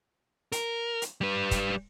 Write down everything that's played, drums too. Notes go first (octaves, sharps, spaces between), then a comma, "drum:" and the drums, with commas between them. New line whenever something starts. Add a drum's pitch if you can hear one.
A#4, drum: hi-hat
drum: hi-hat
G3 B4
drum: kick, hi-hat